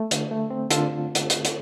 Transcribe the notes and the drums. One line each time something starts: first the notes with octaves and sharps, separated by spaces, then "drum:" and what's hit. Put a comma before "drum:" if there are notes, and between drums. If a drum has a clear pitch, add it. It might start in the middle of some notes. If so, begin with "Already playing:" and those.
Already playing: A3
D3, drum: hi-hat
A3
C4
D3 F4 A4, drum: hi-hat
drum: hi-hat
drum: hi-hat
drum: hi-hat